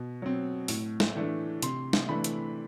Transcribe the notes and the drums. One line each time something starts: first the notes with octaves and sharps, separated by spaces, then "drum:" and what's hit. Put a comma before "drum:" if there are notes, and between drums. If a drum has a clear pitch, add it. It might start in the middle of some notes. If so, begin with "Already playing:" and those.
Already playing: B2
F#3 C4
A2, drum: open hi-hat
drum: snare
E3 A3 D4
C3 C6, drum: hi-hat
drum: snare
E3 A3 D4 B5
drum: hi-hat